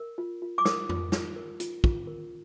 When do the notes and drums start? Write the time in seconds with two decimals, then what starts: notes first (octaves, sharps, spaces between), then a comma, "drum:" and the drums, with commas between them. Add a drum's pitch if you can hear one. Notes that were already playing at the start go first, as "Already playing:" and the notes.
Already playing: A#4
0.18 F4
0.42 F4
0.58 D6
0.65 A#4 D#6, drum: snare
0.89 F4, drum: tom F2
1.12 F4, drum: snare
1.36 A#4
1.60 F4, drum: hi-hat
1.84 F4, drum: kick
2.07 A#4